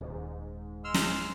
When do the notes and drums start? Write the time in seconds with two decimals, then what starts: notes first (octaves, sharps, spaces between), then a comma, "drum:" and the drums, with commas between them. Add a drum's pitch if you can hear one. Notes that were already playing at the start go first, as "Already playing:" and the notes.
0.01 D#1 G#2
0.84 G#3 C6 E6 F6
0.94 drum: snare